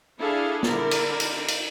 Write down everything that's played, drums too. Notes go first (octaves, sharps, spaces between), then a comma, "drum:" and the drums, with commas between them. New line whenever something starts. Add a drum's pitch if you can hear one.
D4 E4 G#4 A4 F5
D3 E4 A#4 D5, drum: snare
drum: cymbal
drum: cymbal
drum: cymbal